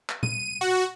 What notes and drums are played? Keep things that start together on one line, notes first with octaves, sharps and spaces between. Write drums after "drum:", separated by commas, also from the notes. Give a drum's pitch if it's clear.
drum: clap
D#7, drum: tom A#2
F#4